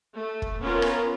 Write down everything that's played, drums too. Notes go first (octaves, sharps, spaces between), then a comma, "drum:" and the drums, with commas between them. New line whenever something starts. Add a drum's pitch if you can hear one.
A3
drum: kick
B3 C#4 F4 A#4
drum: rim click